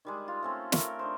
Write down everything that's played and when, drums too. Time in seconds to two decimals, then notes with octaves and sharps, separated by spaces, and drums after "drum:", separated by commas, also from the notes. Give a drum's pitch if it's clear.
0.05 D#3 G3 G#3
0.28 F4
0.43 A3 C4 C#4
0.72 A3 A#4, drum: snare
0.99 D3 D#4 C5